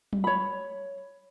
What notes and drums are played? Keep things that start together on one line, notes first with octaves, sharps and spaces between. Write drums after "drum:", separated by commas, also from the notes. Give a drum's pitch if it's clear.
drum: tom F#3
C#5 B5